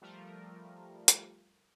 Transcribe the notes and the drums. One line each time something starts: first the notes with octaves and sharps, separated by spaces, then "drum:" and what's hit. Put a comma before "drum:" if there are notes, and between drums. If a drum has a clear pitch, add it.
F3 G3 A3 F4 A#4
drum: hi-hat